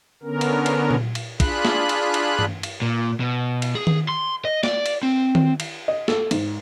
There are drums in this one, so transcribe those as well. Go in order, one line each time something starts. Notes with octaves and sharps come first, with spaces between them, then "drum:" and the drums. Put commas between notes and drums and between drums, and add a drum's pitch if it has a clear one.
D3 B3 C#4 A#4
drum: cymbal
drum: cymbal
drum: tom A#2
drum: cymbal
D4 F4 G#4 B5 F#6, drum: kick, cymbal
drum: snare
drum: cymbal
drum: cymbal
drum: tom
drum: cymbal
A#2
B2
drum: cymbal
G#4
drum: tom D#3
C6
D#5
D5, drum: snare
drum: cymbal
C4
drum: tom D#3
drum: cymbal
D#5
A4, drum: snare
G#2, drum: cymbal